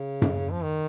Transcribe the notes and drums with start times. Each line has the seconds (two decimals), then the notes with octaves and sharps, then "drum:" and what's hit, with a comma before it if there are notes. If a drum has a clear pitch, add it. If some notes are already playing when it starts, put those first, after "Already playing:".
Already playing: C#3
0.22 drum: tom F#2
0.51 F3
0.63 D#3